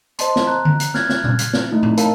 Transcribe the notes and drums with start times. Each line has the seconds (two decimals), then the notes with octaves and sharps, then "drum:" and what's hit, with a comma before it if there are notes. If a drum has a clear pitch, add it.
0.19 C5 D#5 A5 C6, drum: hi-hat
0.36 drum: snare
0.47 A#5 F#6
0.65 drum: tom D3
0.80 drum: hi-hat
0.94 F6 F#6 G#6 A6, drum: snare
1.09 drum: snare
1.24 drum: tom A#2
1.39 drum: hi-hat
1.53 drum: snare
1.71 A3 D#4 E4
1.83 drum: tom A2
1.97 A#4 C#5 D#5 F5 A5 B5, drum: hi-hat